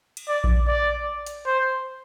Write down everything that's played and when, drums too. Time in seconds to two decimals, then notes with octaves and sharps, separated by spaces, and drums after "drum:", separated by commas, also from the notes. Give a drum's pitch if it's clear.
0.17 drum: cymbal
0.28 D5
0.44 drum: kick A#1
0.67 D5
1.26 drum: hi-hat
1.46 C5